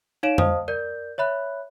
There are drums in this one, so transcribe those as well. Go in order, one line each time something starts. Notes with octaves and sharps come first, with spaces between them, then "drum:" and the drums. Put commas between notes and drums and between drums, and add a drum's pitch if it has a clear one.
D#4 C#5 F5 D7 E7
C5 D#5 F5 A5 D#6, drum: tom F2
A#4 D5 G6
C#5 E5 B5 F#6